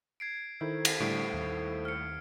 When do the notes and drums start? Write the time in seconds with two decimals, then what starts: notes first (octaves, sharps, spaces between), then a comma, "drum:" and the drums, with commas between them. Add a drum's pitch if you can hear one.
0.20 G#6 C7 D7
0.61 D#3 E4 A4 C5
0.85 drum: cymbal
1.00 A2 D3 G3 D7
1.34 D#2
1.85 F6 C#7